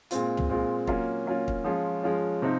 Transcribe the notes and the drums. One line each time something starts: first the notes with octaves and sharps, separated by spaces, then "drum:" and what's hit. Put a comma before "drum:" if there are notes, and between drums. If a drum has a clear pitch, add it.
A#2 G#3 C4 F4, drum: hi-hat
drum: tom
A#2 G#3 C4 F4
F#3 A#3 C#4 F4, drum: kick
F#3 A#3 C#4 F4
drum: kick
F3 G#3 C#4 F4
F3 G#3 C#4 F4
C3 F3 C4 D#4